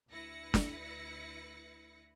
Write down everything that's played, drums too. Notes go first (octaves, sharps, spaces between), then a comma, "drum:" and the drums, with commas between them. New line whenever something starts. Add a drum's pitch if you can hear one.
D2 E4 B4 A#6 C#7
drum: snare